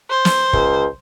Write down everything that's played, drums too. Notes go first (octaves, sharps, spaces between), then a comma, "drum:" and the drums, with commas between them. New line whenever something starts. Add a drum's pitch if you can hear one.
C5
drum: snare
C#2, drum: kick